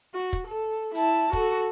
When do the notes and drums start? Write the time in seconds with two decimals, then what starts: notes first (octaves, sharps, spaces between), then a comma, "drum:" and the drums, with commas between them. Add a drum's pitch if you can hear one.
0.14 F#4
0.33 drum: kick
0.48 A4
0.95 E4 A5, drum: hi-hat
1.33 F#4 A4, drum: kick